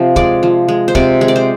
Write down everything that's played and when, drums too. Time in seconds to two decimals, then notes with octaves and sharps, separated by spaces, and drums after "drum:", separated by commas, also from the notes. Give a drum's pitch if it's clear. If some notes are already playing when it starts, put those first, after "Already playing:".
Already playing: C3 F3
0.16 G#3 D5, drum: kick
0.43 F3
0.68 G#3
0.88 C5
0.95 C3 D5, drum: kick
1.21 G#3
1.28 D5
1.36 C5